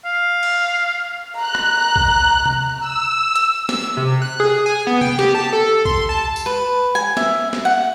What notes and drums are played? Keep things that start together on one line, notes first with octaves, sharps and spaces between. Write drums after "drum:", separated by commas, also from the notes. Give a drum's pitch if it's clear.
F5
drum: cymbal
A#5 F#6
drum: rim click
drum: kick
drum: tom C3
E6
drum: hi-hat
E6, drum: snare
C3
F#6
G#4
G#5
B3
G5, drum: tom C3
G4, drum: snare
A5
A4
C6, drum: kick
A5
drum: tambourine
B4
G#5
E5, drum: snare
drum: snare
F#5